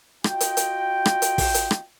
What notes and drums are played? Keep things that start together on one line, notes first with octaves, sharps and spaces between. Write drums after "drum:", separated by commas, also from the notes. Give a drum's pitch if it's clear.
F4 F#4 D#5 G5, drum: rim click
drum: hi-hat
drum: hi-hat
drum: rim click
drum: hi-hat
drum: kick, open hi-hat
drum: hi-hat
drum: rim click